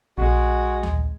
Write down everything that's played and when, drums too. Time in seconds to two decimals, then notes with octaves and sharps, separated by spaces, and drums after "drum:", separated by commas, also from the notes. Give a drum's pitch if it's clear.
0.18 A#1 G#3 F#4
0.83 drum: tom D2